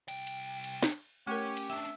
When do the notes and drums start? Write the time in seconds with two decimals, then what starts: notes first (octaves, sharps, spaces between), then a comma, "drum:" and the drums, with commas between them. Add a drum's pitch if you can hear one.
0.08 C2 G5, drum: cymbal
0.27 drum: cymbal
0.64 drum: cymbal
0.83 drum: snare
1.27 A3 C#4 G4 A#4 C#5
1.57 drum: cymbal
1.70 C#4 D4 E5 G5